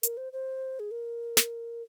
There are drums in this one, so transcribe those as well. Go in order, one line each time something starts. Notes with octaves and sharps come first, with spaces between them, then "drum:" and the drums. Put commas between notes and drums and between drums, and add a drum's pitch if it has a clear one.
A#4, drum: hi-hat
C5
C5
G#4
A#4
drum: snare